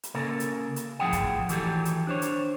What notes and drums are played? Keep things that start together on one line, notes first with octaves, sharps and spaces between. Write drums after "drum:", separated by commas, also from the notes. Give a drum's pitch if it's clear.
drum: hi-hat
C#3 A#3 A4 A#4
drum: hi-hat
drum: hi-hat
A2 F3 C4 G#4 F#5 G5
drum: kick, hi-hat
D#3 E3 F#3 G4 A4, drum: hi-hat
drum: hi-hat
D4 C5 C#5
drum: hi-hat